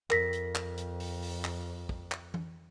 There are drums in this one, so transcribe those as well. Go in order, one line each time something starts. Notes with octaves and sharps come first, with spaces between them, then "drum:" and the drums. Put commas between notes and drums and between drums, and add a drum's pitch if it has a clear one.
F2 A#4 A#6 B6, drum: clap
drum: hi-hat
drum: clap
drum: hi-hat
drum: open hi-hat
drum: open hi-hat
drum: clap
drum: kick
drum: clap
drum: tom E3